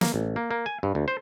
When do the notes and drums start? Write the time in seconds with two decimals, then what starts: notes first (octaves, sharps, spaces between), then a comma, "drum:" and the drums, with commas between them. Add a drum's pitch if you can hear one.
0.01 A#3, drum: snare
0.14 A1
0.36 A#3
0.51 A#3
0.66 G#5
0.83 G2
0.95 D2
1.08 C5